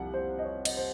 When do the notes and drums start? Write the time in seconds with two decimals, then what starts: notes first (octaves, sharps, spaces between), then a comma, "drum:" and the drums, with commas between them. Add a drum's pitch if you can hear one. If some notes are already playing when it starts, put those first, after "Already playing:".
Already playing: C2 C3 F3 F#5
0.14 C5
0.39 D#5
0.44 C#5
0.65 D#5, drum: cymbal
0.77 C5